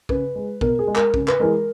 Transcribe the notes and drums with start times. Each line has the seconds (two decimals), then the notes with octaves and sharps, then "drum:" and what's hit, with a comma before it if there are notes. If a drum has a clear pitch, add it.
0.09 C#3 B4, drum: kick
0.35 G#3
0.61 B2 A#4, drum: kick
0.79 G#4
0.87 G#3
0.96 A#4, drum: clap
1.14 C#3, drum: kick
1.28 B4, drum: clap
1.40 E3 G#3 A#4